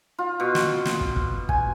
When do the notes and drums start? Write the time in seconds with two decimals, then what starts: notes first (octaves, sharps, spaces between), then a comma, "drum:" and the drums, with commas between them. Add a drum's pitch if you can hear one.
0.19 F4
0.40 B2
0.55 drum: snare
0.85 drum: snare
1.01 drum: kick
1.16 drum: kick
1.49 G#5, drum: kick